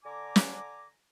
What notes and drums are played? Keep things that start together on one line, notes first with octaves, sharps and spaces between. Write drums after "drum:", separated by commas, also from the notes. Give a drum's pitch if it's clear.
D3 G#5 A#5 D6
drum: snare